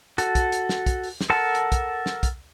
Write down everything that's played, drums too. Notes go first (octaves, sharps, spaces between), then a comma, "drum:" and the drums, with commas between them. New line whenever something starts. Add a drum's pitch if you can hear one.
F#4 A4, drum: hi-hat
drum: kick, hi-hat
drum: hi-hat
drum: snare
drum: kick, hi-hat
drum: open hi-hat
drum: snare
A4 A#4 F#5 A5
drum: hi-hat
drum: kick, hi-hat
drum: snare
drum: kick, hi-hat